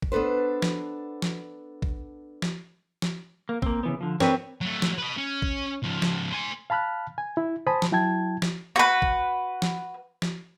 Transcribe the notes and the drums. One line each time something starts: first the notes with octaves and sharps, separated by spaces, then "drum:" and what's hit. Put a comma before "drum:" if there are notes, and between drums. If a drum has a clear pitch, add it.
drum: kick
B3 D4 A4 B4 C5
drum: snare
drum: snare
drum: kick
drum: snare
drum: snare
A#3
A#3 C4, drum: kick
C#3 E3 B3
D3 F3
C4 D4 A#4 B4 C#5, drum: snare
F#3 A3
drum: snare
B4 D#5
C#4
drum: kick
C#2 F3
drum: snare
C5 G#5
F5 A5 B5 F6 F#6
G#5
E4
C5 G#5 A5 B5 D#6
drum: snare
F#3 E4 G5 A5 G#6
drum: snare
F#4 B4
drum: kick
drum: snare
drum: snare